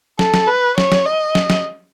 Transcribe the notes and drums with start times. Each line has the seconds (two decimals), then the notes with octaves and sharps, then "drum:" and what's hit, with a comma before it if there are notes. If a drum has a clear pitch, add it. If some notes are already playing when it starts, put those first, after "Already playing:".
0.19 A4, drum: snare
0.34 drum: snare
0.48 B4
0.78 C#5, drum: snare
0.92 drum: snare
1.06 D#5
1.35 drum: snare
1.50 drum: snare